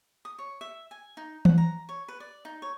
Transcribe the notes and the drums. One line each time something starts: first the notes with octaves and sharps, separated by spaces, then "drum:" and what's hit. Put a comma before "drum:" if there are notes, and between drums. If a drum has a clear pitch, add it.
D#6
C#5
E5
G#5
D#4
F#5, drum: tom E3
A#5
C#5
B4
D5
D#4
C#5